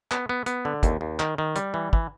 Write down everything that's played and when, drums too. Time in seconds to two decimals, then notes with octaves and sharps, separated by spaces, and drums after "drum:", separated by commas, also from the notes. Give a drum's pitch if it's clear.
0.11 B3, drum: clap
0.29 B3
0.46 B3, drum: hi-hat
0.65 D3
0.83 D#2, drum: kick, hi-hat
1.01 D#2
1.19 D#3, drum: clap
1.38 D#3
1.56 G3, drum: hi-hat
1.74 E3
1.93 E3, drum: kick